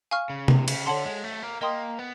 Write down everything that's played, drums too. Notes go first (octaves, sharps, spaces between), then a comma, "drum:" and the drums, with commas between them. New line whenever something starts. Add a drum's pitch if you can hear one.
F5 G#5 C#6 F6
C#3
C3, drum: tom C3
C#3, drum: cymbal
D3 A4 C#5 F#5 A5 C6
G#3
A3
A#3
A#3 A#4 D#5 G5 C6 D#6
B3